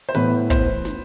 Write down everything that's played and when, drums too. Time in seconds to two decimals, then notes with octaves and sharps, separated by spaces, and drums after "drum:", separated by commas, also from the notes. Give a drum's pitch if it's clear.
0.09 C5
0.15 A2 E3 B3 B4, drum: open hi-hat
0.50 C5, drum: kick, hi-hat
0.85 drum: snare